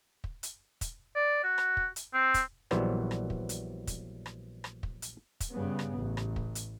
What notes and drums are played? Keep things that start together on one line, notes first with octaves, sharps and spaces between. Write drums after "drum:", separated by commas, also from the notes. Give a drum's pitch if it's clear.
drum: kick
drum: hi-hat
drum: kick, hi-hat
D5
F#4
drum: rim click
drum: kick
drum: hi-hat
C4
drum: kick, hi-hat
A#1 E3 F#3 G3 B3 C5, drum: rim click
drum: rim click
drum: kick
drum: hi-hat
drum: kick, hi-hat
drum: rim click
drum: rim click
drum: kick
drum: hi-hat
drum: kick, hi-hat
G2 C#3 B3
drum: rim click
A1
drum: rim click
drum: kick
drum: hi-hat